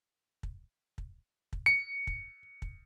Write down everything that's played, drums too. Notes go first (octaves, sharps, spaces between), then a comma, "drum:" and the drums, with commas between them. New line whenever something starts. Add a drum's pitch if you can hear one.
drum: kick
drum: kick
drum: kick
C#7
drum: kick
drum: kick